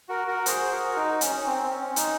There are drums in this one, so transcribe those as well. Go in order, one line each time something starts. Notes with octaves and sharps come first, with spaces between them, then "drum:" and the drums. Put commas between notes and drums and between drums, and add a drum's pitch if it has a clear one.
F#4 A#4
F#4 A#4
G#4 C5, drum: hi-hat
F#4 A#4
D#4
C#4, drum: hi-hat
C#4
C4
C4
C#4
D#4, drum: hi-hat